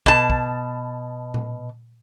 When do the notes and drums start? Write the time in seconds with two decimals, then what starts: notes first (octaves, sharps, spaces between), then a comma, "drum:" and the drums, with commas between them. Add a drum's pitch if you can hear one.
0.06 B2 A5, drum: kick
0.30 drum: kick
1.34 drum: tom A#2